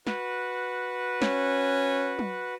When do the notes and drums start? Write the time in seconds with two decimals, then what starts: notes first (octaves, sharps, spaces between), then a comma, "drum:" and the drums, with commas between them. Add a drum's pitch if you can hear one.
0.07 F#4 B4, drum: snare
1.22 C#4, drum: snare
2.19 drum: tom F#3